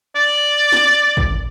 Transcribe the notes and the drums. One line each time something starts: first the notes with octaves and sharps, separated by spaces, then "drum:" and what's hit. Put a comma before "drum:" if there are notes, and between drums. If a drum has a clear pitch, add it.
D5
drum: snare
drum: kick